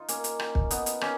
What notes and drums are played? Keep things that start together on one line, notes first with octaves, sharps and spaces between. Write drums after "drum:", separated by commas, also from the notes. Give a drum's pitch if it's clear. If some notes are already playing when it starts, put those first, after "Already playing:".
Already playing: D#4 F4
A#3 C#4, drum: hi-hat
drum: hi-hat
drum: rim click
drum: kick
B3 D#4, drum: hi-hat
drum: hi-hat
A#3 C#4, drum: rim click